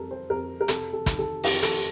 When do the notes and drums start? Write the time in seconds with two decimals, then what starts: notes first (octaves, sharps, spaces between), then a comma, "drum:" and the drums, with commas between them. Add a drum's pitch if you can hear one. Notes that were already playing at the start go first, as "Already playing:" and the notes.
Already playing: F2 G3 A4 A#4
0.11 C5
0.30 F2 A#4
0.61 A#4
0.68 C3 A4, drum: hi-hat
0.93 A4
1.06 D#3, drum: kick, hi-hat
1.19 A4
1.44 F2 G4, drum: open hi-hat
1.63 A4, drum: hi-hat